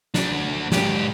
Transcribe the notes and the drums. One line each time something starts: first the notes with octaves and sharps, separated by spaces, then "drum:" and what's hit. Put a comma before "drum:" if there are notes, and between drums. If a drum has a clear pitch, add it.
D2 D4, drum: snare
G#2 G4, drum: snare